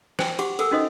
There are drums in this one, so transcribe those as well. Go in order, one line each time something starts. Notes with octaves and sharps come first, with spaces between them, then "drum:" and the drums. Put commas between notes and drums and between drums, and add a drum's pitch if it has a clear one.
C5 G5 G#5, drum: snare
F#4 G4 F#5 C#6 D6, drum: cymbal
A4 A#4 F#5 G#5 D6 E6, drum: cymbal
C#4 D#4 F#4 C5 D#5 D#6